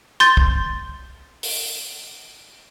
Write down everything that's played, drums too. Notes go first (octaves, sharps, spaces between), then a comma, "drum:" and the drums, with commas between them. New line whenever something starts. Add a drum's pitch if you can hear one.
C6 G6 A6, drum: tambourine
drum: kick
drum: open hi-hat